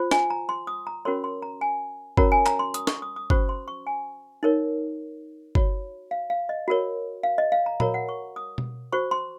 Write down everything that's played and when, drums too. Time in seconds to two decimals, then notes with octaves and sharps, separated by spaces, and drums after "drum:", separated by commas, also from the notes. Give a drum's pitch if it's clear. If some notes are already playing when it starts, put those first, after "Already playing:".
Already playing: F4 C5
0.11 G#5, drum: snare
0.30 A#5
0.49 C6
0.67 D#6
0.87 A#5
1.05 C#4 F#4 A#4 C#5 C6
1.24 C6
1.42 A#5
1.61 G#5
2.17 C#4 F#4 A#4 C#5 A#5, drum: kick G1
2.32 G#5
2.46 A#5, drum: clap
2.59 C6
2.74 D#6, drum: hi-hat
2.87 C#6, drum: snare
3.02 D#6
3.16 D#6
3.30 C#4 F#4 C5 C#6, drum: kick G1
3.49 C6
3.68 C#6
3.87 G#5
4.43 D#4 A#4 C#5
5.55 F#4 C#5, drum: kick G1
6.11 F5
6.30 F5
6.49 D#5
6.68 F#4 A#4 C#5
7.23 F5
7.38 D#5
7.52 F5
7.66 A#5
7.80 F#4 A#4 C#5 A#5, drum: tom A#2
7.94 F#5
8.09 C#6
8.36 D#6
8.58 drum: tom B2
8.92 F#4 C5 C#6
9.11 C6